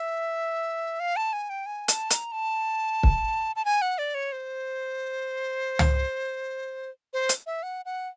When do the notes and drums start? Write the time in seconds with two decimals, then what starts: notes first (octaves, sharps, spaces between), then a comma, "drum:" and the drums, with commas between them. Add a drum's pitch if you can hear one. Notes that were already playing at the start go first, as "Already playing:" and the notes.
Already playing: E5
1.00 F5
1.16 A5
1.33 G#5
1.50 G5
1.66 G#5
1.88 A5, drum: hi-hat
2.11 A#5, drum: hi-hat
2.32 A5
3.03 drum: kick
3.56 A5
3.65 G#5
3.82 F#5
3.98 D5
4.14 C#5
4.32 C5
5.79 drum: tom
7.13 C5
7.29 drum: hi-hat
7.46 E5
7.63 F#5
7.85 F#5